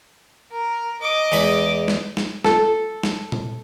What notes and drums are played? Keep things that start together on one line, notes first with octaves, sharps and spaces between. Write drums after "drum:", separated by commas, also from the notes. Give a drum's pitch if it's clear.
A#4
D#5 D6
E2 G#3 B5
drum: snare
drum: snare
A4, drum: snare
drum: snare
drum: tom A#2